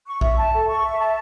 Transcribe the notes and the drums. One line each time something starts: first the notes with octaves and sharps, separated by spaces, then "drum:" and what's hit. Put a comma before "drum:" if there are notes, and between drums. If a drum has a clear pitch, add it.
C#6
E5, drum: kick A#1
A5
A4
C#6
E5
A5